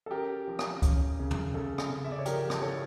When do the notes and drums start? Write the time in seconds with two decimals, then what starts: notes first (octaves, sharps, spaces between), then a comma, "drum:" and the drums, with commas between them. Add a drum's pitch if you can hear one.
0.06 A4
0.11 C#4 G4 A#4
0.48 F3
0.59 drum: rim click
0.82 C#4, drum: kick C#2, hi-hat
1.19 C#3
1.31 drum: tom
1.54 C#3 A4
1.78 drum: rim click
1.90 C#3
2.04 E5
2.12 D5
2.19 C#5
2.25 F3 G4 A#4, drum: hi-hat
2.50 drum: rim click
2.62 E4 A4 C#5